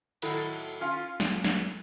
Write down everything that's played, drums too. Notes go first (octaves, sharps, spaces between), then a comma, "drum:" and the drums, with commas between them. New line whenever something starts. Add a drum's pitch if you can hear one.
A2 D#3 F#3 E4 A4, drum: cymbal
C#4 F4 F5
drum: snare
drum: snare